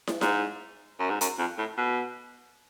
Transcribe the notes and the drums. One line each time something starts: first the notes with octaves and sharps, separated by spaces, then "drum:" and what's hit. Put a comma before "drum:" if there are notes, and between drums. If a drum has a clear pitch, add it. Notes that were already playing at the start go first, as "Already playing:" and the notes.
drum: snare
G#2, drum: snare
F#2
G#2
F#2, drum: hi-hat
F2
A2
B2